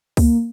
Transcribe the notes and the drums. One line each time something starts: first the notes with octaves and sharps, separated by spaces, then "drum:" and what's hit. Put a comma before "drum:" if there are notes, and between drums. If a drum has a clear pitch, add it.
A#3, drum: kick C#2, open hi-hat